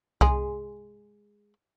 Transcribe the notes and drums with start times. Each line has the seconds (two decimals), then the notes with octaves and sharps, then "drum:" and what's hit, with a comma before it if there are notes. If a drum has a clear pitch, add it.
0.21 G#3 G#4, drum: kick C2